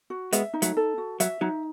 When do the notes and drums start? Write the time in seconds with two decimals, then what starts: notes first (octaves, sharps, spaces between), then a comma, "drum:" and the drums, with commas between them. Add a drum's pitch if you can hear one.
0.10 F#4
0.33 G#3 B3 E5, drum: hi-hat
0.54 D#4
0.62 F#3 A3, drum: hi-hat
0.77 A4
0.98 F#4
1.20 F#3 E5, drum: hi-hat
1.41 F#3 D#4